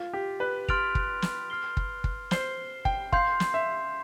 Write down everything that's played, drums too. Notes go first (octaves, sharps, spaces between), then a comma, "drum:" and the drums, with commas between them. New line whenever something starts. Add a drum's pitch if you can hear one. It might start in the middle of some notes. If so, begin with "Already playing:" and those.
Already playing: F4
G4
B4
C6 F6 A6 D7 F7, drum: kick
drum: kick
drum: snare
F6 C7 G7
drum: kick
drum: kick
C5 F6 C7 G7, drum: snare
G5, drum: kick
F5 C6 G6 C7, drum: kick
drum: snare
E5